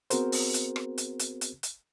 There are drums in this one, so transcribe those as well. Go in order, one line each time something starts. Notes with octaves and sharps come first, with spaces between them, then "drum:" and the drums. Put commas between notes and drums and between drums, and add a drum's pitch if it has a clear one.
B3 C4 F#4 G#4 A#4 C5, drum: hi-hat
drum: open hi-hat
drum: hi-hat
drum: rim click
drum: hi-hat
drum: hi-hat
drum: hi-hat
drum: hi-hat